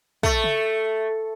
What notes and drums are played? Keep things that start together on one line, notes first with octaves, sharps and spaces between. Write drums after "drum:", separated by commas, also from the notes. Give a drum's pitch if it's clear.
A3, drum: kick
drum: tom C#3